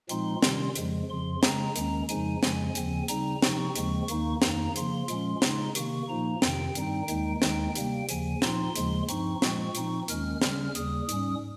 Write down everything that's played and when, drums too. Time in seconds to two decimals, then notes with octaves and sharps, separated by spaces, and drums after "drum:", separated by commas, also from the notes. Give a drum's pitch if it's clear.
0.09 A#2 F3 G#3 C4 D#4 C6, drum: hi-hat
0.42 C3 D#3 G3 C#4, drum: snare
0.75 F2 C#3 F3 G#3, drum: hi-hat
1.09 F2 C#3 F3 C6
1.43 C#3 G#3 C4 A#5, drum: snare
1.76 D#2 D#3 G#3 C#4, drum: hi-hat
2.09 F2 C#3 F3 G#3 D#4 G#5, drum: hi-hat
2.43 F2 C#3 F3 G#3 G#5, drum: snare
2.75 D#2 C#3 F3 C4, drum: hi-hat
3.08 C#3 G3 C4 D#4 A#5, drum: hi-hat
3.42 C3 F3 C4 D#4 C#6, drum: snare
3.76 D#2 C#3 F3 G#3 C4, drum: hi-hat
4.08 D#2 D#3 A#3 D#4, drum: hi-hat
4.42 F2 D#3 A#3 D#4 A#5, drum: snare
4.76 C#3 F3 A#3 C6, drum: hi-hat
5.08 A#2 F3 G#3 C#4, drum: hi-hat
5.42 C#3 G#3 D#4, drum: snare
5.75 C3 D#3 A#3 C#6, drum: hi-hat
6.08 A#2 F3 A#3 D#4 A#5
6.42 F2 C3 D#3 G5, drum: snare
6.75 G2 D#3 G3 C4 D#4, drum: hi-hat
7.08 D#2 D#3 G#3 D#4, drum: hi-hat
7.42 D#2 D#3 G#3 D#4 G5, drum: snare
7.75 C3 G3 A#3 G5, drum: hi-hat
8.09 D#2 C#3 F3 G#5, drum: hi-hat
8.42 A#2 F3 C4 D#4 C6, drum: snare
8.76 D#2 C#3 F3 G#3, drum: hi-hat
9.09 G2 F3 C4 D#4 C#6, drum: hi-hat
9.42 A#2 F3 G#3 C4, drum: snare
9.75 A#2 F3 C4 D#4, drum: hi-hat
10.08 D#2 D#3 G#3 C#4 F6, drum: hi-hat
10.42 C#3 G3 C#4 F6, drum: snare
10.75 D#2 C#3 G3 D#6, drum: hi-hat
11.09 G#2 G3 C#4, drum: hi-hat